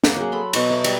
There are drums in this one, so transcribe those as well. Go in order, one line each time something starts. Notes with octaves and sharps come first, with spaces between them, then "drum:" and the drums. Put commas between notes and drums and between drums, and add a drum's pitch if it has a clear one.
A#3 F#5 G5, drum: snare
F#3 G#4
A4 B5 C6
B2 F#5 C#6, drum: cymbal
D#5 E5
G3, drum: cymbal